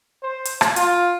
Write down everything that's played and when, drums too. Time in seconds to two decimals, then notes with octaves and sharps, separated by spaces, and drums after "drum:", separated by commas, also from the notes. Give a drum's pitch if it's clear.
0.23 C5
0.45 drum: hi-hat
0.61 drum: rim click
0.76 F4, drum: hi-hat